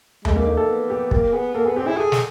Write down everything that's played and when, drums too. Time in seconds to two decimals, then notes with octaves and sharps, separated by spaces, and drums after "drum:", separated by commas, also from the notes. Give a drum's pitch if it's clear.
0.25 G#3 A3, drum: tom D#2
0.36 A#3
0.47 A3 D#4
0.57 A4
0.69 B3
0.90 G4
1.11 A#3 G4, drum: kick
1.33 B3 G#4
1.54 A#3 A4
1.65 B3 G#4
1.76 C4 G4
1.86 E4 G#4
1.97 G#4 A4
2.12 drum: snare